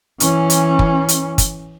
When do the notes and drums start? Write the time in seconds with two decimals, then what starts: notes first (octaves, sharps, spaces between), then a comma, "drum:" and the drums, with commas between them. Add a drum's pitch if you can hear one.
0.20 E3 C#4, drum: hi-hat
0.50 drum: hi-hat
0.79 drum: kick
1.09 drum: hi-hat
1.38 drum: kick, hi-hat